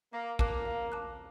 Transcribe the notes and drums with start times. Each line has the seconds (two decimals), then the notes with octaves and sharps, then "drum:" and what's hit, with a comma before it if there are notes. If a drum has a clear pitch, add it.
0.13 A#3 F5
0.39 A#3 A5 D6 F#6, drum: kick A1
0.65 F5
0.92 A5 D6 F#6